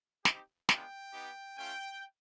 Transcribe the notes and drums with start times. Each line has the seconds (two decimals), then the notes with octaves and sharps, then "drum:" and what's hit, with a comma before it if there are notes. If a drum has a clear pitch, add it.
0.25 C4 D#4 G4, drum: snare
0.69 G#3 B3 D4 F4 G5, drum: snare
1.13 B3 D#4 G4
1.57 A3 C#4 F4 G5